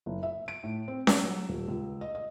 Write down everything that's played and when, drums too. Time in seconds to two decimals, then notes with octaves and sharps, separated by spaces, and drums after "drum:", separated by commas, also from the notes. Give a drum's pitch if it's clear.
0.06 F#1
0.23 E5
0.48 D7
0.64 A2
0.88 C4
1.07 E6, drum: snare C#4
1.24 F#3
1.49 D#1
1.68 C#2
2.01 D#5
2.15 D#5